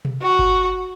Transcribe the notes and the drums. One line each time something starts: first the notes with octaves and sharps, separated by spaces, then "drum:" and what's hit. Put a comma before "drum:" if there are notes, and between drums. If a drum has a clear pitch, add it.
drum: tom B2
F#4
drum: kick G1